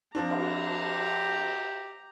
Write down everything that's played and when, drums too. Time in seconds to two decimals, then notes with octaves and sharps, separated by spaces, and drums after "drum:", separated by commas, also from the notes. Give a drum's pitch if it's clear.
0.15 F3 C4 D4 A#5 D6
0.31 drum: cymbal
0.72 G4